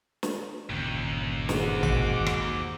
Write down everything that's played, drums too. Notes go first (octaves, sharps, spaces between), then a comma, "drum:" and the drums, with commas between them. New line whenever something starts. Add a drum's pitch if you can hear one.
drum: snare
G1 D#2 A#2 C#3
G#2 F#4 D6, drum: snare
drum: tom A1
drum: rim click